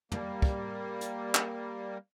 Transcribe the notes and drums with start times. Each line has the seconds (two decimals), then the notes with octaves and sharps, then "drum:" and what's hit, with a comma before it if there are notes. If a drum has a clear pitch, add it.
0.12 G3 A#3, drum: tom
0.42 drum: kick
1.01 drum: hi-hat
1.35 drum: clap